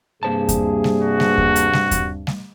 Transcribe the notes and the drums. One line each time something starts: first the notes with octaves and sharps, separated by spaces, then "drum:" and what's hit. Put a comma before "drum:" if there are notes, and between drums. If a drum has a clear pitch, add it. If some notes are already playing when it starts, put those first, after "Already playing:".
G2 C3 A#3 G#4 C5 A5
drum: kick D#2, hi-hat
drum: snare G3
F#4
drum: snare G3
drum: kick D#2
drum: hi-hat
drum: snare G3
drum: kick D#2, hi-hat
drum: snare G3